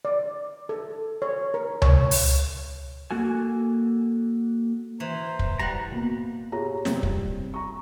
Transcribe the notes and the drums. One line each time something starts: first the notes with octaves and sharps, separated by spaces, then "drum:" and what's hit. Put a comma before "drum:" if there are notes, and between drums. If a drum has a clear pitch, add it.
D5
A4
C#5
A#4
C#5, drum: tom C#2
drum: open hi-hat
A#3 F#4 A4 G#5
E3 C5 A#5
drum: kick
G3 F#5 A#5
B2 A#3
F4 G4 G#4 C#5 A#5
C3 G3 C4, drum: snare
drum: kick
A#5 C#6